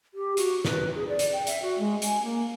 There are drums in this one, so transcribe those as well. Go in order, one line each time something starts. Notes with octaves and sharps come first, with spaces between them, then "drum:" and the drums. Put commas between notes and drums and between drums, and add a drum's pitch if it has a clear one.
G4
F#4, drum: hi-hat
B4, drum: snare
G#4
D5
drum: hi-hat
G5
E5, drum: hi-hat
F#4
G#3
G#5, drum: hi-hat
A#3